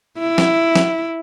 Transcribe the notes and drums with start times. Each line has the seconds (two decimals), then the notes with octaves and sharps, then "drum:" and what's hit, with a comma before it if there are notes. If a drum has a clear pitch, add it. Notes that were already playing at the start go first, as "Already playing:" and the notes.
0.19 E4
0.38 drum: snare
0.76 drum: snare